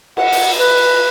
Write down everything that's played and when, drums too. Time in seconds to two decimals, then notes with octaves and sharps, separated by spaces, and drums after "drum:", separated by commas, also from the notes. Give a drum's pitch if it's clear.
0.17 F#5, drum: cymbal
0.32 drum: open hi-hat
0.58 B4